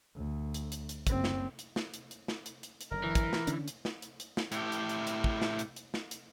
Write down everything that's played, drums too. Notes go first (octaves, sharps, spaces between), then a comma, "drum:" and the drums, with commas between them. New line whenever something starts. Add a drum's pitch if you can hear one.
D2
drum: hi-hat
drum: hi-hat
drum: hi-hat
F#1 C4, drum: kick, hi-hat
drum: snare
drum: hi-hat
drum: snare
drum: hi-hat
drum: hi-hat
drum: snare
drum: hi-hat
drum: hi-hat
drum: hi-hat
F#1 D3 A#4
E3
drum: kick, hi-hat
drum: snare
D3 C#4 D4, drum: hi-hat
drum: hi-hat
drum: snare
drum: hi-hat
drum: hi-hat
drum: snare
A2 G4, drum: hi-hat
drum: hi-hat
drum: hi-hat
drum: hi-hat
drum: kick
drum: snare
drum: hi-hat
drum: hi-hat
drum: snare
drum: hi-hat